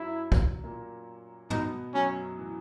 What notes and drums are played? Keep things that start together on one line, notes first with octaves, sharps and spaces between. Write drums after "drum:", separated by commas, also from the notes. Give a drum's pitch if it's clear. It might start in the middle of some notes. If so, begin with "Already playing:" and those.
Already playing: F#2 F#3 E4
drum: kick
A#2 A#3
B2 B3 D#4, drum: tom
F#2 F#3 C#4
E3